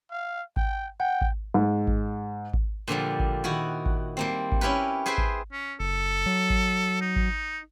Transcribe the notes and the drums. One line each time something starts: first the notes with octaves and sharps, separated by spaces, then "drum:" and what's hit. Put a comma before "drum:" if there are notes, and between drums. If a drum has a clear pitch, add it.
F5
G5, drum: kick G#1
F#5 G5
drum: kick G#1
G#2
drum: kick G#1
drum: kick G#1
A#2 D3 F3 G3
drum: kick G#1
D#3 E4 F#4
drum: kick G#1
G3 A#3 C4
drum: kick G#1
C#4 E4 G4 A#4 B4
G#4 B4 C5 E5 G5 G#5
drum: kick G#1
C#4
F#1 A4
F#3
drum: kick G#1
D#4
drum: kick G#1